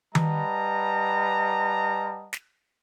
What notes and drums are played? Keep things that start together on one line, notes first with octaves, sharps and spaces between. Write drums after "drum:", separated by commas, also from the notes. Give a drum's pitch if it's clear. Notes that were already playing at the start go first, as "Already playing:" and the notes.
G3 B4 D#5 F#5 A5 A#5, drum: tom D#3
drum: snare